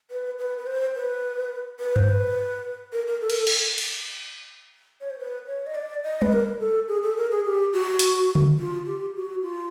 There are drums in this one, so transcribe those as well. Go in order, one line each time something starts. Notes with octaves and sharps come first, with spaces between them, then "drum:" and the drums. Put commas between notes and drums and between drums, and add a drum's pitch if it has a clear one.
B4
B4
B4
C5
B4
B4
C5, drum: tom G2
B4
A#4
A#4
A4
A#4, drum: cymbal
A4
drum: cymbal
drum: cymbal
C#5
C5
B4
C#5
D#5
D5
D#5
B4, drum: tom G3
A#4
A4
G#4
A4
A#4
G#4
G4
F#4
drum: hi-hat
drum: tom C#3
F4
G4
F#4
F4